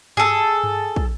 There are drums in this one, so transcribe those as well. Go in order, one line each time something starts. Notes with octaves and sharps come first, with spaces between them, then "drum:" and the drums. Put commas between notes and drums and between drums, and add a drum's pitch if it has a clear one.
G#4 A4, drum: tom G2
drum: tom G2
drum: kick